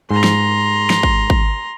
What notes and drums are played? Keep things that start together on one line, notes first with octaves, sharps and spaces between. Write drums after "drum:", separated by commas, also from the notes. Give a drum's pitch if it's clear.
G#2 A#5 C6
drum: snare
drum: snare
drum: kick G#1
drum: kick G#1